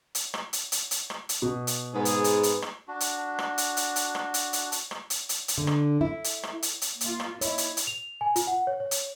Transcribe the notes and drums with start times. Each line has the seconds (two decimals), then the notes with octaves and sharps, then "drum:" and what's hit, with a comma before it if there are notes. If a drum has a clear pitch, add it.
0.15 drum: hi-hat
0.34 drum: rim click
0.53 drum: hi-hat
0.72 drum: hi-hat
0.91 drum: hi-hat
1.10 drum: rim click
1.29 drum: hi-hat
1.42 B2
1.67 drum: hi-hat
1.95 G#2 B3 G#4
2.05 drum: hi-hat
2.24 drum: hi-hat
2.43 drum: hi-hat
2.62 drum: rim click
2.88 D4 F#4
3.00 drum: hi-hat
3.39 drum: rim click
3.58 drum: hi-hat
3.77 drum: hi-hat
3.96 drum: hi-hat
4.15 drum: rim click
4.34 drum: hi-hat
4.53 drum: hi-hat
4.72 drum: hi-hat
4.91 drum: rim click
5.10 drum: hi-hat
5.29 drum: hi-hat
5.48 drum: hi-hat
5.58 D3
5.67 drum: rim click
6.01 E4
6.24 drum: hi-hat
6.43 drum: rim click
6.62 drum: hi-hat
6.82 drum: hi-hat
7.01 A#3 F4, drum: hi-hat
7.20 drum: rim click
7.41 E4 C#5 D#5, drum: hi-hat
7.58 drum: hi-hat
7.77 drum: hi-hat
7.87 F7
8.21 G#5
8.36 F4, drum: hi-hat
8.47 F#5
8.67 C#5
8.80 C#5
8.91 drum: hi-hat